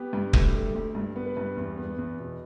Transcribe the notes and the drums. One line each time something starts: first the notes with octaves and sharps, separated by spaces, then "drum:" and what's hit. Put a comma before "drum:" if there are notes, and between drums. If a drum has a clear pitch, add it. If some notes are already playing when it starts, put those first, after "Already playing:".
Already playing: B3 G4
G2
D2, drum: kick
A3
D2
G2
B3
B4
G2
E2
B3
E2
B2